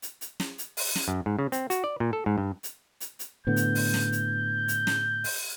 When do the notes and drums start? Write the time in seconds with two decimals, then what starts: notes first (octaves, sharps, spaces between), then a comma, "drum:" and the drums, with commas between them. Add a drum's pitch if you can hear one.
0.02 drum: hi-hat
0.21 drum: hi-hat
0.40 drum: snare
0.58 drum: hi-hat
0.77 drum: open hi-hat
0.96 drum: snare
1.08 F#2
1.26 G#2
1.39 C#3
1.52 C4, drum: hi-hat
1.70 F#4, drum: hi-hat
1.84 D5
2.00 A#2
2.13 A4
2.26 G#2
2.38 G2
2.63 drum: hi-hat
3.01 drum: hi-hat
3.19 drum: hi-hat
3.47 A2 D3 B3 G6
3.56 drum: hi-hat
3.75 drum: open hi-hat
3.94 drum: snare
4.12 drum: hi-hat
4.68 drum: hi-hat
4.87 drum: snare
5.24 drum: open hi-hat